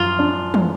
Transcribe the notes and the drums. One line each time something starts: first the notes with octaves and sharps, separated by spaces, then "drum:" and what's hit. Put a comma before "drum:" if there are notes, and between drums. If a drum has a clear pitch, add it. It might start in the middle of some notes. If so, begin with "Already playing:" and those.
Already playing: F#2 F3 F4
D4
drum: tom